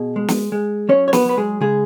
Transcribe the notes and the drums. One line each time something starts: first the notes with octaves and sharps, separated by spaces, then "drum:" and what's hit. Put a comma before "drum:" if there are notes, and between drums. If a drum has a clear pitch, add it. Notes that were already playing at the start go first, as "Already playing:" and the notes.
Already playing: B2 G#4
G#3
drum: snare
G#3
F#3 C#4 C#5
C#5
B3 B4, drum: snare
F#3 B4
G#3 G#4
C#3 G#3 G#4